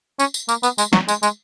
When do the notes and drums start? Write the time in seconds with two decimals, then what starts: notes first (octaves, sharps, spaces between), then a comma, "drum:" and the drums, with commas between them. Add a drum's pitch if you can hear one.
0.19 C#4, drum: tambourine
0.34 drum: tambourine
0.49 A#3, drum: tambourine
0.63 B3, drum: tambourine
0.78 G#3, drum: tambourine
0.93 F#3, drum: snare
1.08 G#3, drum: tambourine
1.23 G#3, drum: tambourine